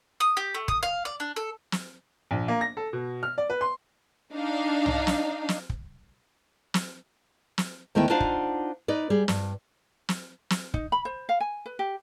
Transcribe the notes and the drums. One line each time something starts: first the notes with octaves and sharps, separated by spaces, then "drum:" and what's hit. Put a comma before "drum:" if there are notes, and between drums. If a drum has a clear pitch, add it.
D#6
G4
A3
D#6, drum: kick
F5
D5
D4
A4
drum: snare
A#1
A#3
A#6
A4
B2
F6
D5
B4
C6
D4 D#4 F5
drum: tom
drum: snare
drum: snare
drum: kick
drum: snare
drum: snare
D2 D#3 A3 B3 E4 G5
D4 D#4 F4 C5 F5 F#5
drum: kick
D#4 B4 D5
G3 G#4
G2, drum: snare
drum: snare
drum: snare
D#4, drum: kick
B5
C5
F5
G#5
B4
G4